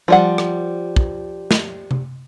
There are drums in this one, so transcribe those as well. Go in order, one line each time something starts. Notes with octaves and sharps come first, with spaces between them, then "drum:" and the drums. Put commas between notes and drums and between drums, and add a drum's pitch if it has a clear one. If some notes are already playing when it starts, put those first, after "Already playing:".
F3 G3 F#5
drum: rim click
drum: kick
drum: snare
drum: tom C3